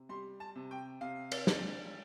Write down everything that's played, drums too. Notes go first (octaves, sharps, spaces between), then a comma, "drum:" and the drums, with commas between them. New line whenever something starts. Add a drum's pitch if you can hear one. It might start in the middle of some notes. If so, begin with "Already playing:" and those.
Already playing: C3
G3 C6
A5
C3
G5
C3 F5
drum: cymbal
D4, drum: snare